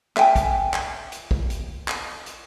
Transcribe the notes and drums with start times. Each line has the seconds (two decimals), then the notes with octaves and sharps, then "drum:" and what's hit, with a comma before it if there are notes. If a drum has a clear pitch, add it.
0.16 E5 G5 G#5, drum: clap
0.36 drum: kick, hi-hat
0.74 drum: clap
1.12 drum: hi-hat
1.31 drum: kick
1.50 drum: hi-hat
1.88 drum: clap
2.26 drum: hi-hat